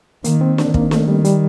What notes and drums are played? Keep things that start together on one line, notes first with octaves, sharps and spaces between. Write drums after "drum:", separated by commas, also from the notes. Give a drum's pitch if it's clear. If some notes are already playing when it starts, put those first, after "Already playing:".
D#3 A#3, drum: hi-hat
C4
D4, drum: snare
D#3 A#3, drum: kick
A3, drum: snare
G3
G3, drum: hi-hat